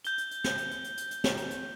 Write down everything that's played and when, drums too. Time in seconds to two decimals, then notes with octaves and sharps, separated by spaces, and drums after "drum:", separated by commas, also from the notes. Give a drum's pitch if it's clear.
0.05 G6 G7, drum: hi-hat
0.18 drum: hi-hat
0.31 drum: hi-hat
0.44 drum: snare
0.58 drum: hi-hat
0.71 drum: hi-hat
0.84 drum: hi-hat
0.97 drum: hi-hat
1.11 drum: hi-hat
1.24 drum: snare
1.37 drum: hi-hat
1.51 drum: hi-hat